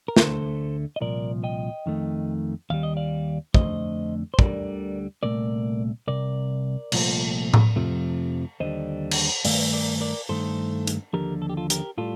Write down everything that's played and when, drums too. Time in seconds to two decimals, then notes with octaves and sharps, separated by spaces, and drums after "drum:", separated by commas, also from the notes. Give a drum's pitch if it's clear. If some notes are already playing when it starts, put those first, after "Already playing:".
0.08 A#4
0.17 D2 D3 A3 A4 C5, drum: snare
0.96 D#5
1.01 C2 A#2 F3 A#4 D5
1.44 D#5 G5
1.86 F2 D#3 A3
2.70 D#2 D#3 G3 F5
2.83 D#5
2.97 D5 F5
3.54 F2 D3 A3 C5 D#5, drum: kick
4.34 C5
4.39 D2 D3 G3 A#4 D5, drum: kick
5.23 C2 A#2 A3 A#4 D5
6.07 C2 C3 A#4 D5
6.92 C2 A#2 F3 A3, drum: cymbal
7.54 drum: tom A2
7.76 F2 C3 F3 A3
8.60 D#2 D3 G3 C5 D#5
9.11 drum: cymbal
9.45 G2 D#3 A3 D5 F5, drum: open hi-hat
9.73 A#4 D5
10.01 A#4 D5
10.29 G2 D#3 A3 A4 C5
10.87 drum: hi-hat
11.13 D#2 D3 F3 G4 A#4
11.42 A4
11.49 G4
11.57 F4 A4
11.70 G4 A#4, drum: hi-hat
11.98 A2 G3 F4 A4